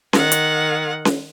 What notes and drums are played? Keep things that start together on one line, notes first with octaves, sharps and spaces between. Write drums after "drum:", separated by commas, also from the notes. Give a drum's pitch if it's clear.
D#3 F#5, drum: snare C#4
drum: hi-hat
drum: snare C#4